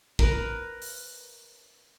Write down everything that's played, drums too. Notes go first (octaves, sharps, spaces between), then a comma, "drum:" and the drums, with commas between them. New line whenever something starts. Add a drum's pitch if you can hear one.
A#4 B4, drum: kick
drum: open hi-hat